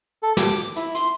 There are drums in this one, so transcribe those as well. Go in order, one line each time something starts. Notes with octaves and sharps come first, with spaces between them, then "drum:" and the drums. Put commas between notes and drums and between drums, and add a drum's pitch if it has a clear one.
A4
D6, drum: snare
drum: hi-hat
E4, drum: hi-hat
C6, drum: hi-hat